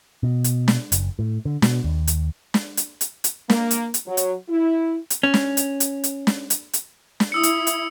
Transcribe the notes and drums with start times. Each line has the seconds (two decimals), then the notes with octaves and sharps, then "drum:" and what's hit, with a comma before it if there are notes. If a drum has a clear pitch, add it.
0.23 B2
0.44 drum: hi-hat
0.68 drum: snare
0.92 F#1, drum: hi-hat
1.19 A2
1.45 D3
1.62 B2, drum: snare
1.84 D#2
2.07 drum: hi-hat
2.54 drum: snare
2.77 drum: hi-hat
3.01 drum: hi-hat
3.24 drum: hi-hat
3.50 A#3, drum: snare
3.71 drum: hi-hat
3.94 drum: hi-hat
4.07 F#3
4.17 drum: hi-hat
4.49 E4
5.10 drum: hi-hat
5.23 C#4
5.34 drum: snare
5.57 drum: hi-hat
5.80 drum: hi-hat
6.04 drum: hi-hat
6.27 drum: snare
6.50 drum: hi-hat
6.73 drum: hi-hat
7.20 drum: snare
7.32 E4 D#6 E6 C#7
7.43 drum: hi-hat
7.67 drum: hi-hat